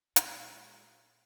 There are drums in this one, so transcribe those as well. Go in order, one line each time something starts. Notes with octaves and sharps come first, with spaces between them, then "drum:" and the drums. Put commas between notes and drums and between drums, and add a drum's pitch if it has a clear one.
A#2 F#3 G#3 A#3 A4, drum: hi-hat